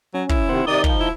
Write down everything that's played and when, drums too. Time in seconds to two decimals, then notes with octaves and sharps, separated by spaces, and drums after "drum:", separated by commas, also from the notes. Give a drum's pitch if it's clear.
0.14 F#3 C#4
0.29 E4, drum: kick
0.49 C3 D#3 C4 C5 F#5
0.67 C3 D#3 D#4 D5 D#6 G6
0.84 F3, drum: kick
1.00 E4